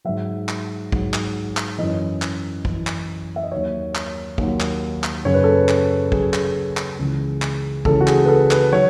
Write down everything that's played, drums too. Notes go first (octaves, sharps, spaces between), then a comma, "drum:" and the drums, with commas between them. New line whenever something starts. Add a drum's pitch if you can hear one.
G#2 F#3 E5
drum: clap
G#2 F#3, drum: kick
drum: clap
drum: clap
F#2 E3 D#5
drum: clap
F#2, drum: kick
E3
drum: clap
E5
D#5
D#2 D#3 F#3 C#5
drum: clap
D#2 D#3 F#3, drum: kick
drum: clap
drum: clap
F#2 C#3 F#3 C#5
B4
A4
B4
drum: clap
F#2 C#3 F#3 G#4, drum: kick
drum: clap
drum: clap
C#2 C#3 E3
drum: clap
C#2 C#3 E3 A4, drum: kick
F#4
G#4, drum: clap
B4
A4
B4, drum: clap
D#3 F#3 C#5